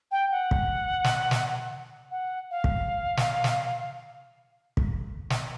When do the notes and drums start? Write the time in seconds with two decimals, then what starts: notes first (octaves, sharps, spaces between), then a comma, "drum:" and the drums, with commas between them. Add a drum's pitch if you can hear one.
0.11 G5
0.31 F#5
0.51 drum: kick
1.04 drum: snare
1.31 drum: snare
2.11 F#5
2.51 F5
2.64 drum: kick
3.17 drum: snare
3.44 drum: snare
4.77 drum: kick
5.30 drum: snare